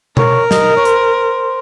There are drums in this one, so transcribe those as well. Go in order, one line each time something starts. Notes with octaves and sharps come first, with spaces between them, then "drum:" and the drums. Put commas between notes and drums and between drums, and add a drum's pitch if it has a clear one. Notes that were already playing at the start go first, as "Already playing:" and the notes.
A#4 C#5, drum: tom B2
D#5, drum: snare
C#5
C5, drum: hi-hat